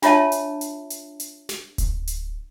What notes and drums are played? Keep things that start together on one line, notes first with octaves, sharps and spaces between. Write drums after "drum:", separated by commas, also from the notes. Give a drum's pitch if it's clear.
D4 F4 C#5 E5 A5, drum: snare
drum: hi-hat
drum: hi-hat
drum: hi-hat
drum: hi-hat
drum: snare
drum: kick D1, hi-hat
drum: hi-hat